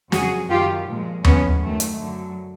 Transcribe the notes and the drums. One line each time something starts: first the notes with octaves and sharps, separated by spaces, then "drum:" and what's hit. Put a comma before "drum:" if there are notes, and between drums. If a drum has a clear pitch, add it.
F2 C#3 F#3 F#4 G#4, drum: snare
F#2 D#3 G3 F4 G4
A#2 F3 G#3
A2 F3 G#3 B3 C#4, drum: tom D#2
F#2 D#3 G#3 A3
drum: hi-hat
F#2 D3 F#3